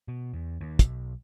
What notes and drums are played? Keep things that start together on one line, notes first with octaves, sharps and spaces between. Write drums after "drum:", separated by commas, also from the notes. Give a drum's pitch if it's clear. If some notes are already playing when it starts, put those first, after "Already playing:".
B2
E2
D#2
B1, drum: kick, hi-hat